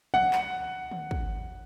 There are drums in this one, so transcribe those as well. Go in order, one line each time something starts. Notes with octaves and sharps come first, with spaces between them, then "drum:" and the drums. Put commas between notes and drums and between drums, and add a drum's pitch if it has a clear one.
F#5, drum: tom
drum: clap
drum: tom
drum: kick